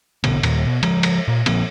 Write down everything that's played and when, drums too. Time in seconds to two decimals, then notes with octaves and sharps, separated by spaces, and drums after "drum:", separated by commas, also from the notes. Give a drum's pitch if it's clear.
0.24 A#1 B2 D3 B3, drum: cymbal
0.43 D#2 A#2, drum: cymbal
0.67 B2
0.83 F3 G#3, drum: cymbal
1.03 drum: cymbal
1.28 A#2
1.46 A#2 F3 A#3 C4, drum: cymbal